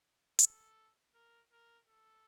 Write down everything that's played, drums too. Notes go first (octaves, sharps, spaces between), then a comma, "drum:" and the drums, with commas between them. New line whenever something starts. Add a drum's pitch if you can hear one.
A4, drum: hi-hat
A#4
A#4
A4